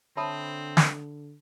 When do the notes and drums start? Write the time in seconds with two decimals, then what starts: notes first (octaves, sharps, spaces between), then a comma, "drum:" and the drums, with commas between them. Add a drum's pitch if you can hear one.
0.17 D3 C4 C5 C#5 E5 A5 B5 D#6
0.77 drum: snare